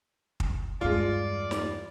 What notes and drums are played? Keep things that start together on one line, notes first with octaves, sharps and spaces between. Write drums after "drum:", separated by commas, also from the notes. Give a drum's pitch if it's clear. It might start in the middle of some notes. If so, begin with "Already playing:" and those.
drum: kick
E2 G2 G#3 F4 D5
drum: snare